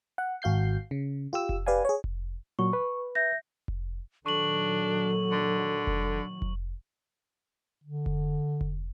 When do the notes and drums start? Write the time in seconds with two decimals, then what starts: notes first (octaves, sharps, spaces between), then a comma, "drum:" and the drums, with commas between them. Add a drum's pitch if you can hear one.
0.18 F#5
0.42 G#1 F#4 F5 G6 C7
0.91 C#3
1.33 F4 G4 E6
1.49 drum: kick F1
1.66 G4 B4 D5 F5 G#5
1.85 G#4 C#5
2.04 drum: kick F1
2.59 A#2 F#3 C#6
2.73 B4
3.15 E5 G6 A#6
3.68 drum: kick F1
4.26 A#2 D#3 F#3 D4 A4 C#6 F#7
5.32 D3
5.87 drum: kick F1
6.42 drum: kick F1
7.84 D3
8.06 drum: kick F1
8.61 drum: kick F1